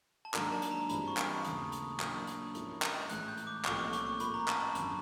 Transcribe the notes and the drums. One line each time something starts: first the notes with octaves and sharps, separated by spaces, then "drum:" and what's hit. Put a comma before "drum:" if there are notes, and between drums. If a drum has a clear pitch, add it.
A5
G#2 D#3 F#3 A#3 D4 A#5, drum: clap
A5
drum: hi-hat
A#5
G2 E3 G#3 C4 F4 B5, drum: hi-hat
C#6
drum: clap
D#2 C#3 E3 A3 D#6, drum: hi-hat
drum: hi-hat
A#2 F#3 A#3 D4, drum: clap
drum: hi-hat
G#2 F3 A#3 C#4 E4, drum: hi-hat
drum: clap
A2 E3 G#3 F#6, drum: hi-hat
G6
drum: hi-hat
D6
C2 A#2 F3 A3 C#4 C#6, drum: clap
D6
C#6, drum: hi-hat
C#6
A2 F3 A#3 C#4 B5, drum: hi-hat
A#5
A5, drum: clap
G#1 F#2 D3 F#3, drum: hi-hat